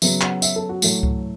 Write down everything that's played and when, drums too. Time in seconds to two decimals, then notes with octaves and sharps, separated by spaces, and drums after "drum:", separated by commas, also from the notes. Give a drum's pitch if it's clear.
0.02 C#3 F#3 B3 E5, drum: tambourine
0.21 F#5, drum: clap
0.42 E5, drum: tambourine
0.56 A4
0.69 F#4
0.82 A2 F#3 A3, drum: tambourine
1.03 drum: kick C#2